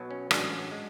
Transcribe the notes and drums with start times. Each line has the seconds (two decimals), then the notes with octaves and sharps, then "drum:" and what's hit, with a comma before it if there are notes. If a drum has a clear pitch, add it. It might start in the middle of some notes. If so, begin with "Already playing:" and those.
Already playing: B1 B2 F#3
0.11 C#4
0.31 A1 G#2 F#3 C#4 D4, drum: rim click
0.71 G#3